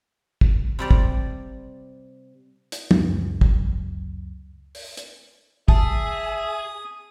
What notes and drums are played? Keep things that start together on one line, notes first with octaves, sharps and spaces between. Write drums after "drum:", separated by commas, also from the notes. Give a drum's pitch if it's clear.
drum: kick
C3 G3 D5
drum: kick
drum: hi-hat
C#2 F#2, drum: tom
drum: kick
drum: open hi-hat
drum: hi-hat
G#4 E5 A5 D#6, drum: kick